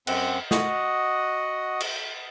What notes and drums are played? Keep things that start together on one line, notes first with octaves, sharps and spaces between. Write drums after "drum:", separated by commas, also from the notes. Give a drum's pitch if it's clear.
F#2 C4 F#5, drum: cymbal
F#4 D#5 F#5 D#6, drum: snare
drum: cymbal